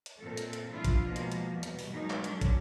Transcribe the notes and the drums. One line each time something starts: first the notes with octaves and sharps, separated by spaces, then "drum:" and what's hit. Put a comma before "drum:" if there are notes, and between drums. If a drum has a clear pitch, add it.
drum: hi-hat
A#2 C4 A4
drum: hi-hat
drum: hi-hat
F3 G3 D4 E4 F4
drum: kick, hi-hat
B2 F3 G#3 A#3
drum: hi-hat
drum: hi-hat
E2 B2 G3
drum: hi-hat
drum: open hi-hat
B2 F#3 G#3 A#3 D#4
drum: clap
D3 F#3 C#4 D4, drum: hi-hat
drum: kick, hi-hat